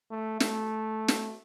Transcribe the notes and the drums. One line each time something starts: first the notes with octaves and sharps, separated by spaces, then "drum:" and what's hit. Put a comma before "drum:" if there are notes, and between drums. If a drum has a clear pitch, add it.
A3
A3, drum: snare
drum: snare